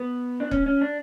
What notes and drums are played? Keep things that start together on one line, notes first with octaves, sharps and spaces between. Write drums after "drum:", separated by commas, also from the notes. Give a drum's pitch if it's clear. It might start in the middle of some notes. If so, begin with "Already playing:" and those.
Already playing: B3
D4
C#4, drum: kick
C#4
D4